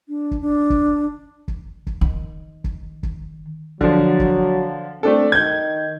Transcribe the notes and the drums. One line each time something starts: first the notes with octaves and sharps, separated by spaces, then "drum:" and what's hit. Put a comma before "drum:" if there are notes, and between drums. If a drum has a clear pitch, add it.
D4
drum: kick
D4
drum: kick
drum: kick
drum: kick
D#3
drum: kick
drum: kick
D3 F3 F#3, drum: kick
drum: kick
A3 C4 D4 A4
D#3 G6 G#6